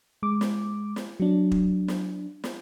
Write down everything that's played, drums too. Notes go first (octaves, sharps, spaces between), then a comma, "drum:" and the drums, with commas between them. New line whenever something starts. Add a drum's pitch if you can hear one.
G#3 D6
drum: snare
drum: snare
F#3 D4
drum: kick
drum: snare
drum: snare